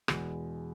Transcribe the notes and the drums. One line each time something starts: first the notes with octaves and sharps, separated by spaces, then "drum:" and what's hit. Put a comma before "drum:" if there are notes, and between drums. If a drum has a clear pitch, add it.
E2 B2 G#3, drum: rim click